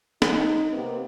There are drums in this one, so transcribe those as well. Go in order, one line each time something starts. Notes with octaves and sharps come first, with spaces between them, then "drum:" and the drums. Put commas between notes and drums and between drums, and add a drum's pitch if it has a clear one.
D#4, drum: snare
C3 A#3 B3 G4 A#4